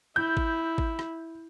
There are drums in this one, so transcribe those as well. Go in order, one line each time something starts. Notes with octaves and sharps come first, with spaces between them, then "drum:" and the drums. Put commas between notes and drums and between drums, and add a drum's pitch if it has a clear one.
E4 G6
drum: kick G#1
drum: kick G#1
drum: rim click